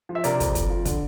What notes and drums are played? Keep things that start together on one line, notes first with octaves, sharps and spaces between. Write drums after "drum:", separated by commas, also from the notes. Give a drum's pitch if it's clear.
F3
E5
C3 A#4 D5, drum: hi-hat
F2, drum: kick, hi-hat
F2, drum: kick, hi-hat
F3
D3, drum: kick, hi-hat